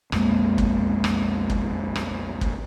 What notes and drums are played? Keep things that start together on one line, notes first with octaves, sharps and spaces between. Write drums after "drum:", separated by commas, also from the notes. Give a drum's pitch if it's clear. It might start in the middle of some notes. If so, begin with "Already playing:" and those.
B1 F2 G#3 A#3, drum: rim click
drum: kick
drum: rim click
drum: kick
drum: rim click
drum: kick